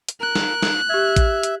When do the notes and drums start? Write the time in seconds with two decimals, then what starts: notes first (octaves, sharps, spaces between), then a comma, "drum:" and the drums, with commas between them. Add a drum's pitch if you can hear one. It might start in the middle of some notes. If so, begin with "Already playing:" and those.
0.09 drum: hi-hat
0.20 A#4 F#6
0.36 drum: snare
0.62 drum: snare
0.89 G4 E5 G#6
1.16 drum: kick A1, hi-hat
1.43 drum: hi-hat